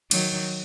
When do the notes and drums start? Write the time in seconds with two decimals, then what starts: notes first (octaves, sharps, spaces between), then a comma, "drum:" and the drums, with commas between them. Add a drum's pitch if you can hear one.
0.11 D#3 F#3, drum: cymbal